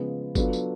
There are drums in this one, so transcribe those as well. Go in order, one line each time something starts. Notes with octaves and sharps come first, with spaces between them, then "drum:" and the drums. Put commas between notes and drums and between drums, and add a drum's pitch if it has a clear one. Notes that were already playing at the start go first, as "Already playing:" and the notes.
Already playing: C#3 F3 G#3 B3
F#3 B3 D4 F4 A4, drum: kick G1, tambourine
drum: tambourine